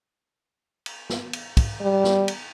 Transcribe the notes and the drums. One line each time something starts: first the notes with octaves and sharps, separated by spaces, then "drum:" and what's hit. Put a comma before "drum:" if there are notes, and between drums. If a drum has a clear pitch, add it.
drum: cymbal
drum: snare
drum: cymbal
drum: kick, cymbal
G3
drum: snare
drum: cymbal